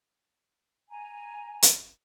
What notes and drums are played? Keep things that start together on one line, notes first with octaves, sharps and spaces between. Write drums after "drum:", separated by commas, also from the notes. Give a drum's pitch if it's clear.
G#5 A#5
drum: hi-hat